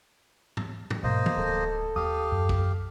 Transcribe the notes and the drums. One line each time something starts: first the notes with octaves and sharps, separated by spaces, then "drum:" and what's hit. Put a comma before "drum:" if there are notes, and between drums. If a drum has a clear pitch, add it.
drum: tom G#2
drum: tom G#2
G#2 B2 A#3 C5 D#5
drum: tom D#3
D1 A4
D#2 G4 F5 D#6
F#2
drum: kick